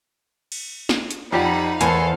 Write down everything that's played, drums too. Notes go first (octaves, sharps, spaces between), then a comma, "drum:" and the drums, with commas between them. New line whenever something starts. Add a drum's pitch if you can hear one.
drum: cymbal
drum: snare
drum: hi-hat
F2 D#4 F4 G4 D5 F#5 B5
E2 A4 A#4 C5 F5 G#5, drum: hi-hat